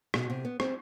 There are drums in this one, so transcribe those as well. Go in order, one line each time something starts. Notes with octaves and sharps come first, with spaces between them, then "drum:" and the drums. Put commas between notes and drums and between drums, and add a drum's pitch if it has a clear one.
B2, drum: rim click
C3
B3
C4, drum: rim click